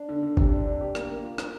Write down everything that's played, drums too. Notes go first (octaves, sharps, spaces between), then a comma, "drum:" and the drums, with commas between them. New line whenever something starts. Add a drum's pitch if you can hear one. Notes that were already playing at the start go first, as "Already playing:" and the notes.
Already playing: D4
D3
D3
C3, drum: kick
D4
D4
G4
A#3, drum: rim click
A#3
F4
A#4, drum: rim click